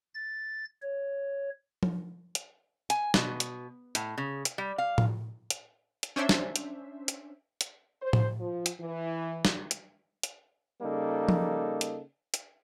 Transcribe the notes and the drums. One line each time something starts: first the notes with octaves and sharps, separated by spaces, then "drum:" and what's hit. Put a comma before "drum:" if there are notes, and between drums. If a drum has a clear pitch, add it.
A6
C#5
drum: tom F3
drum: hi-hat
G#5, drum: hi-hat
B2, drum: snare
drum: hi-hat
A2, drum: hi-hat
C#3
drum: hi-hat
G3
F5
drum: tom A2
drum: hi-hat
drum: hi-hat
C#4 D4 C5 E5
drum: snare
drum: hi-hat
drum: hi-hat
drum: hi-hat
C5
drum: tom A2
F3
drum: hi-hat
E3
drum: snare
drum: hi-hat
drum: hi-hat
C#3 G3 A#3 D#4 A4
drum: tom F3
drum: hi-hat
drum: hi-hat